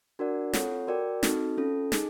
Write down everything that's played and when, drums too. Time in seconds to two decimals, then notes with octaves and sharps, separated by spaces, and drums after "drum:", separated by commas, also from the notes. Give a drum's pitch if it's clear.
0.19 D4 F#4 A#4 D5 F#5
0.53 C4 F4 A4 C#5 F#5, drum: snare
0.87 F#4 A#4 D5 G5
1.23 C4 D#4 F#4 A4, drum: snare
1.57 C#4 F4 A4
1.92 D#4 G#4, drum: snare